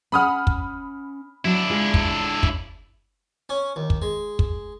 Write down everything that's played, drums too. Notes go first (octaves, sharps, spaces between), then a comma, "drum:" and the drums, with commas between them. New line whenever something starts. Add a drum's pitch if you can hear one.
C#4 F#5 B5 D#6 F6
drum: kick
F#3 D4 E4
G#3 F4
drum: kick
drum: kick
C#4
D#2
drum: kick
G#3
drum: kick